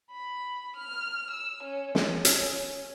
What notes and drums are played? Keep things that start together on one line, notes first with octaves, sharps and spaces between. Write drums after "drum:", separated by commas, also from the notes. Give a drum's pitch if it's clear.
B5
F6
E6
C#4
C#4, drum: snare
drum: hi-hat